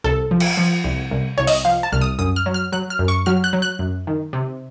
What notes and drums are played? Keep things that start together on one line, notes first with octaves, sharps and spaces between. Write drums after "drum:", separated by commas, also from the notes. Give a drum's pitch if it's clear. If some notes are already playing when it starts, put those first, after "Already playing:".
C2 A4
F3
drum: cymbal
F3
C2
C2
C2 C#5
D#5, drum: open hi-hat
F3 F5
A5
C2 F6
D#6
F#2 D#6
F6
F#3
F6
F#3 F#6
F6
F#2
C#6
F#3 F6
F#6
F#3
F#6
F#2
D#3
C3